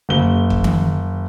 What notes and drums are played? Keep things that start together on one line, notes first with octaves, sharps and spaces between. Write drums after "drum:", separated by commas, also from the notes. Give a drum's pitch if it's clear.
F#1 G7
drum: kick
drum: tom D#3